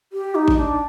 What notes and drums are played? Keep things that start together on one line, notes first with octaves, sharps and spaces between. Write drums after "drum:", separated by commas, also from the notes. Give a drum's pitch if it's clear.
G4
D#4
drum: kick G#1
D4